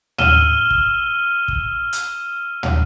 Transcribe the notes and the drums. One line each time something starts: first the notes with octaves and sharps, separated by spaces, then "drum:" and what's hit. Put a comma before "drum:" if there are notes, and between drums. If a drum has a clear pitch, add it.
E6 F6 D#7 E7 G7, drum: tom
drum: kick
drum: kick
drum: hi-hat
drum: tom